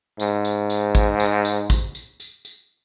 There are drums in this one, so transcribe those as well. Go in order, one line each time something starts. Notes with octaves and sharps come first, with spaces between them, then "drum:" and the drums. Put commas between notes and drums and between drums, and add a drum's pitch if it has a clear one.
G#2, drum: tambourine
drum: tambourine
drum: tambourine
drum: kick, tambourine
drum: tambourine
drum: tambourine
drum: kick, tambourine
drum: tambourine
drum: tambourine
drum: tambourine